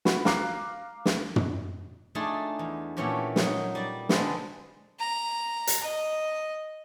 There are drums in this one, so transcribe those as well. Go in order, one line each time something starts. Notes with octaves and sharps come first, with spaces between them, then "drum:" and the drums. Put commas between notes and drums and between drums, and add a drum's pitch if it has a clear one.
F#4 B5, drum: snare
F5 A#5 D6 F#6 C7, drum: snare
drum: snare
drum: tom
A3 D4 D#4 F4 G#4
E2
A#2 E3 A3 C#4 F#4 G4
F#3 D#4, drum: snare
G3 D5
B2 D3 G#3 C4 B4, drum: snare
A#5
drum: hi-hat
D#5